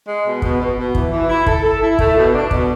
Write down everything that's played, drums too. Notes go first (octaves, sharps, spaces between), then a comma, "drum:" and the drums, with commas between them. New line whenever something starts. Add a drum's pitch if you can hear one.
G#3
B2
B2, drum: kick
B2
B2
E3, drum: kick
E3
E4
A4, drum: kick
A4
E4
A3, drum: kick
B2
D4
B2, drum: kick